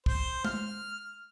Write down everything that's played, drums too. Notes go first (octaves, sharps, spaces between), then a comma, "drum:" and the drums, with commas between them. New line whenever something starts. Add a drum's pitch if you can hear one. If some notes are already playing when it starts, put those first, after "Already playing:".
C5, drum: kick
F6, drum: tom G#3